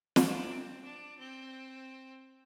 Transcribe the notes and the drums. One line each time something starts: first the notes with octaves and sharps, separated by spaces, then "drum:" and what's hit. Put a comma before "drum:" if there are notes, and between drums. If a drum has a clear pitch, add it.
D4, drum: snare
C4
D4
C4